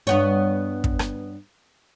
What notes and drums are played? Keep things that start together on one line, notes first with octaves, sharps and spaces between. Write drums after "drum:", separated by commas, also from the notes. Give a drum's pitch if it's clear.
G2 B3 C#5
drum: kick
drum: rim click